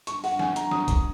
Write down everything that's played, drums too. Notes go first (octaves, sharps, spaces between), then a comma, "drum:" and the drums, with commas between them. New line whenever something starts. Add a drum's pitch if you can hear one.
C#6, drum: hi-hat
F#5, drum: open hi-hat
G#5, drum: snare
A#5, drum: hi-hat
D#6, drum: snare
drum: kick, hi-hat